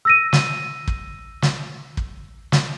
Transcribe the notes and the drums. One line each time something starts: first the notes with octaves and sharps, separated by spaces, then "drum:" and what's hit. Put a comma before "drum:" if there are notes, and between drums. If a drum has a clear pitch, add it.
E6 A#6 D#7
drum: snare
drum: kick
drum: snare
drum: kick
drum: snare